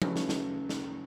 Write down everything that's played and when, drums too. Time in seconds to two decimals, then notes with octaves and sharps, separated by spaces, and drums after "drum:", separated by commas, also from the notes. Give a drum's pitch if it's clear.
0.02 C#3 F#3 A3 C#4 B4, drum: tom F3
0.16 drum: snare
0.29 drum: snare
0.69 drum: snare